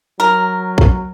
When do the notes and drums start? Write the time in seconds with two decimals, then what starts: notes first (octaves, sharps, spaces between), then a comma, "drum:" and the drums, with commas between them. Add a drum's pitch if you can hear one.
0.20 F#3 A#4
0.78 drum: kick